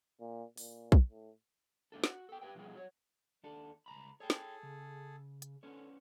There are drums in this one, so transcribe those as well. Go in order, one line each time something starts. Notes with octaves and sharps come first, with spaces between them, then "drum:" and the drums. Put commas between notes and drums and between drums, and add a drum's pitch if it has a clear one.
A#2
A#2, drum: open hi-hat
drum: kick
A2
G#2 A3 D4 A4
F#4, drum: snare
A4 G5
G4 B4 G5
B2 F3 G3 G#4
F#3 C#5
D#2 D4 A4
C#2 A#5 B5
G#4 A4 C#5 G5
drum: snare
C#3
drum: hi-hat
D3 B3 C#4 C#5